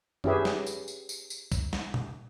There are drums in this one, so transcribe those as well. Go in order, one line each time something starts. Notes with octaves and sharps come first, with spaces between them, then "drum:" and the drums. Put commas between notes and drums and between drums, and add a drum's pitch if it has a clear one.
C#4 E4 G4 G#4 B4 E5, drum: tom
drum: snare
drum: tambourine
drum: tambourine
drum: tambourine
drum: tambourine
drum: kick, tambourine
drum: snare
drum: tom A#2